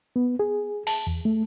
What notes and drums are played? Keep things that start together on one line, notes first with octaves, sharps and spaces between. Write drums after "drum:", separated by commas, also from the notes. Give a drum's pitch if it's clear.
B3
G#4
A5, drum: open hi-hat
E2
A3